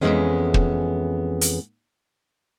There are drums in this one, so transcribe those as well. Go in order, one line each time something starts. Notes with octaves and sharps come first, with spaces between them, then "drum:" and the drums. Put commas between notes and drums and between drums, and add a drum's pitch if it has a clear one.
F2 A#2 E3 G#3 B3 C#4
drum: kick
drum: hi-hat